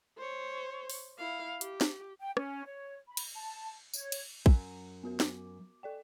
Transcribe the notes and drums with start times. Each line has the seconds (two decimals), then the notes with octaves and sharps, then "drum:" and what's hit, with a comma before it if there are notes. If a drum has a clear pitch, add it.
0.18 C5 C#5
0.90 drum: open hi-hat
1.18 E4 F5
1.61 G4, drum: hi-hat
1.81 drum: snare
2.20 G5
2.37 C#4, drum: rim click
2.65 C#5
3.08 B5
3.17 drum: cymbal
3.34 A5
3.94 C#5, drum: tambourine
4.12 drum: cymbal
4.46 F#2, drum: kick
5.03 B3 F#4 A#4
5.20 D6, drum: snare
5.83 A4 D5 G5